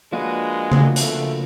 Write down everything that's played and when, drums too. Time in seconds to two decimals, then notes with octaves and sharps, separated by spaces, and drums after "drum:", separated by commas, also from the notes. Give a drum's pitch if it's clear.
0.13 F3 G#3 A#3 D4 F#4 B4
0.72 drum: tom C#3
0.96 A3, drum: hi-hat